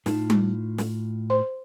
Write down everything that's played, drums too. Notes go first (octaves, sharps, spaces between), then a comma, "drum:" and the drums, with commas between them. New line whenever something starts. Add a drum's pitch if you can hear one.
A2 D#4 F4 A5, drum: snare
drum: tom G3
drum: snare
C5 C6